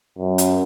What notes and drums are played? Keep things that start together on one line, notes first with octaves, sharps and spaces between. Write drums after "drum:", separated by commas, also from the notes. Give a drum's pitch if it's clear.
F#2
drum: hi-hat